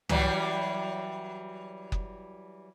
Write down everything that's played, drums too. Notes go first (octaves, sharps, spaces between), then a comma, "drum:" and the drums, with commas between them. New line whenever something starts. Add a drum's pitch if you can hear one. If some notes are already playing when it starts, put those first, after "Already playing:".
E3 F#3 G3, drum: tom
drum: kick F#1